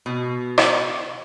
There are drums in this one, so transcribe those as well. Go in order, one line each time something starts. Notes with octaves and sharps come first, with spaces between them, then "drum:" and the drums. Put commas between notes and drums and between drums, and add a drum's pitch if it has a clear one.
B2
drum: rim click